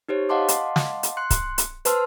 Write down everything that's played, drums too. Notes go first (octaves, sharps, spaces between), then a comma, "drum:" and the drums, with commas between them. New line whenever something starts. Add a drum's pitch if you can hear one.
D#4 G4 C5 C#5
D#5 F5 F#5 A5 C6 D6
drum: hi-hat
drum: snare
drum: hi-hat
C6 F#6 C#7
drum: kick C#1, hi-hat
drum: hi-hat
B4 C5 A5 C6 E6 F6, drum: hi-hat